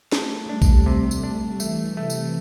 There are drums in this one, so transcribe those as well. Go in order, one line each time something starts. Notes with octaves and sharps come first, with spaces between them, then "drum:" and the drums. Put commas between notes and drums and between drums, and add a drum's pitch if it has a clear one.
A3 D4, drum: snare
G3 D4
drum: kick A#1, tambourine
C3
drum: tambourine
D4
E3 A3, drum: tambourine
C3 A3
drum: tambourine